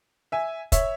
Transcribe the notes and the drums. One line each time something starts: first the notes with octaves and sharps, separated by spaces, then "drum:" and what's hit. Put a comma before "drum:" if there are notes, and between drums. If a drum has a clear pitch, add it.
E5 G#5
C#5 E5, drum: kick, hi-hat